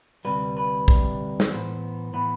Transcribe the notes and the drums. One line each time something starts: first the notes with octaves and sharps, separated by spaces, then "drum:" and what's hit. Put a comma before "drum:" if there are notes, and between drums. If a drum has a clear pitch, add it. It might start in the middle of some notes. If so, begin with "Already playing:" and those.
D2 C3 G3 B4
B4
D2 C3 G3, drum: kick A#1
drum: snare
A2 E3 B3 C5
A2 E3 B3 B4